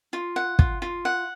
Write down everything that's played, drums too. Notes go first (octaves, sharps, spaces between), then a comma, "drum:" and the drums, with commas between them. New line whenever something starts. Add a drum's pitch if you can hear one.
F4
F#5
F4, drum: kick
F4
F#5